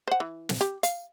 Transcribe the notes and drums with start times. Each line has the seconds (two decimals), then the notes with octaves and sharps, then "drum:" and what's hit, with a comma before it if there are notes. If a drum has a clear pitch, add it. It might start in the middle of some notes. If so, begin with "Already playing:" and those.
0.08 C5 F#5
0.20 E3
0.49 drum: snare
0.61 G4
0.83 F5, drum: hi-hat